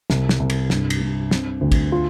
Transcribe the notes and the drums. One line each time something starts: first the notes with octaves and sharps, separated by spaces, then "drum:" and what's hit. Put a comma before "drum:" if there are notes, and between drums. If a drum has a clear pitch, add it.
C2, drum: snare
drum: snare
C2
drum: cymbal
G2, drum: snare
drum: cymbal
G2
C4, drum: snare
D2
drum: kick, cymbal
F4